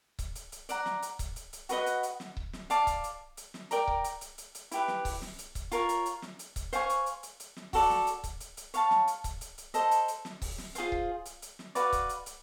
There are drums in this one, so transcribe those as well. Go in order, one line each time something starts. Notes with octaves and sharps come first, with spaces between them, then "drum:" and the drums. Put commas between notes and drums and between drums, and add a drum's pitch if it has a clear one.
drum: kick C#1, hi-hat
drum: hi-hat
drum: hi-hat
D5 F#5 A#5, drum: hi-hat
drum: snare
drum: hi-hat
drum: kick C#1, hi-hat
drum: hi-hat
drum: hi-hat
F#4 B4 D#5 F#5, drum: hi-hat
drum: hi-hat
drum: hi-hat
drum: snare
drum: kick C#1
drum: snare
D5 F5 A5 D6, drum: hi-hat
drum: kick C#1, hi-hat
drum: hi-hat
drum: hi-hat
drum: snare
A#4 D5 G5 A#5, drum: hi-hat
drum: kick C#1
drum: hi-hat
drum: hi-hat
drum: hi-hat
drum: hi-hat
E4 G4 B4, drum: hi-hat
drum: snare
drum: kick C#1, open hi-hat
drum: snare
drum: hi-hat
drum: kick C#1, hi-hat
F4 A#4 C#5, drum: hi-hat
drum: hi-hat
drum: hi-hat
drum: snare
drum: hi-hat
drum: kick C#1, hi-hat
C5 F5 G#5 C#6, drum: hi-hat
drum: hi-hat
drum: hi-hat
drum: hi-hat
drum: hi-hat
drum: snare
F#4 A4 D5, drum: kick C#1, open hi-hat
drum: snare
drum: hi-hat
drum: kick C#1, hi-hat
drum: hi-hat
drum: hi-hat
C#5 F5 A5, drum: hi-hat
drum: snare
drum: hi-hat
drum: kick C#1, hi-hat
drum: hi-hat
drum: hi-hat
A4 C5 D#5, drum: hi-hat
drum: hi-hat
drum: hi-hat
drum: snare
drum: kick C#1, open hi-hat
drum: snare
F4 G#4 C5 F5, drum: hi-hat
drum: kick C#1
drum: hi-hat
drum: hi-hat
drum: snare
F#4 B4 D5 F5, drum: hi-hat
drum: kick C#1, hi-hat
drum: hi-hat
drum: hi-hat